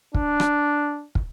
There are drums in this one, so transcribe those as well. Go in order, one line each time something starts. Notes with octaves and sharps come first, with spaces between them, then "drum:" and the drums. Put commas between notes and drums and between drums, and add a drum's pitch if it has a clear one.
D4, drum: kick
drum: rim click
drum: kick